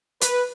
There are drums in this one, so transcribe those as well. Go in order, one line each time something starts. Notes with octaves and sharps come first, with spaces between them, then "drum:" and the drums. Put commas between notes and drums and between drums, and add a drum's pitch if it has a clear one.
B4, drum: hi-hat